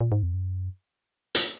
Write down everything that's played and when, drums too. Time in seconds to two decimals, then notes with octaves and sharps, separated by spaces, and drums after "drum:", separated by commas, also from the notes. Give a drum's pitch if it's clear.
0.01 A#2
0.12 G#2
0.23 F2
0.34 F#2
1.35 drum: hi-hat